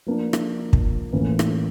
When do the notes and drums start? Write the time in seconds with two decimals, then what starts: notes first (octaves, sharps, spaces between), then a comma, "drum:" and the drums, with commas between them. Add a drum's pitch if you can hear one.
0.06 F3 A#3 D4
0.33 drum: rim click
0.73 drum: kick
1.13 A2 E3 A#3 C#4
1.39 drum: rim click